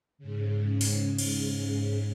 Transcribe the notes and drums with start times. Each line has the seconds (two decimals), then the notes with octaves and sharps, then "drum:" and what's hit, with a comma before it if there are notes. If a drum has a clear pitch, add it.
0.18 G#2 C#3
0.81 drum: open hi-hat
1.18 drum: cymbal